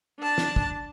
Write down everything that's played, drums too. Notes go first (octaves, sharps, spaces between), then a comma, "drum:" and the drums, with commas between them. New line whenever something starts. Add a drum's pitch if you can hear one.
D4 A5
drum: snare
drum: kick